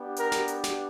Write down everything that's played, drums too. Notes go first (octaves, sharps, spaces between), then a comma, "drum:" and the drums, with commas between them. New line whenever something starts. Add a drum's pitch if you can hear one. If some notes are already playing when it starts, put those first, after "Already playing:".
Already playing: B3 D4 G4
A#4, drum: hi-hat
drum: snare
drum: hi-hat
drum: snare